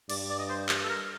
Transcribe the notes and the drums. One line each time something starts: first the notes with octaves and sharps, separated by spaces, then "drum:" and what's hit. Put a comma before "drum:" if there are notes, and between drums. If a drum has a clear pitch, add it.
G2 D5, drum: cymbal
D5
D#5
C5
drum: clap
A4
A#4